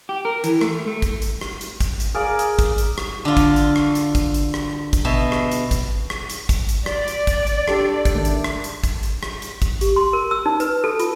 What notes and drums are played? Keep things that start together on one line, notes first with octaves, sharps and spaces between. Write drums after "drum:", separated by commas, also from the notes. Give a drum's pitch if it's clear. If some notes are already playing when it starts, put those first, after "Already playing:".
G4
A#4
E3, drum: hi-hat
A3, drum: rim click
A3
drum: kick, hi-hat
drum: hi-hat
drum: rim click
drum: hi-hat
drum: kick, hi-hat
drum: hi-hat
G#4 A#4 D5 F5
drum: hi-hat
drum: kick, hi-hat
drum: hi-hat
drum: rim click
D3 F4
drum: kick, hi-hat
drum: hi-hat
drum: rim click
drum: hi-hat
drum: kick, hi-hat
drum: hi-hat
drum: rim click
drum: kick, hi-hat
B2 E5
drum: rim click
drum: hi-hat
drum: kick, hi-hat
drum: rim click
drum: hi-hat
drum: kick, hi-hat
drum: hi-hat
D5, drum: rim click
drum: hi-hat
drum: kick, hi-hat
drum: hi-hat
D4 G4 A4, drum: rim click
drum: kick, hi-hat
D#3 A3 D4
drum: hi-hat
drum: rim click
drum: hi-hat
drum: kick, hi-hat
drum: hi-hat
drum: rim click
drum: hi-hat
drum: kick, hi-hat
G4, drum: hi-hat
C6
A#4
E6
D#4
B4, drum: hi-hat
A4
F4, drum: hi-hat